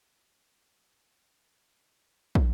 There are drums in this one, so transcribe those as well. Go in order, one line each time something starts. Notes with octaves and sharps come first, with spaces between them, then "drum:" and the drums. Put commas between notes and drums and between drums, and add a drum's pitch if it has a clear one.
C4 C#5
drum: kick